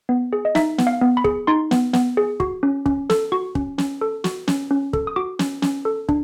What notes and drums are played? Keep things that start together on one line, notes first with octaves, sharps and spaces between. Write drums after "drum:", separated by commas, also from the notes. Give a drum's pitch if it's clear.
B3
G#4
D#5
D#4 E5, drum: snare
B3, drum: snare
F5
B3
B5
G#4, drum: kick
D#4 C6
B3, drum: snare
B3, drum: snare
G#4
F#4, drum: kick
C#4
C#4, drum: kick
A4, drum: snare
F#4 C#6
C#4, drum: kick
C#4, drum: snare
A4
F#4, drum: snare
C#4, drum: snare
C#4
A4, drum: kick
D#6
F#4 D6
C#4, drum: snare
C#4, drum: snare
A4
D4, drum: kick